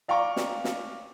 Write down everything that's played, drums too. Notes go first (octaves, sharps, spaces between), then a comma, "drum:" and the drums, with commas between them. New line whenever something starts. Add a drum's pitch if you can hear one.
D5 F5 G5 A#5 C#6 D6
drum: snare
drum: snare